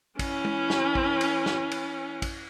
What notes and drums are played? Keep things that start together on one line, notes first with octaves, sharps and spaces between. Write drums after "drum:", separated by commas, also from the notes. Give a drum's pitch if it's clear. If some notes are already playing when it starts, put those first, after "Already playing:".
E3 C#4, drum: kick, cymbal
drum: tom
drum: snare
drum: kick
drum: cymbal
drum: snare
drum: cymbal
drum: kick, cymbal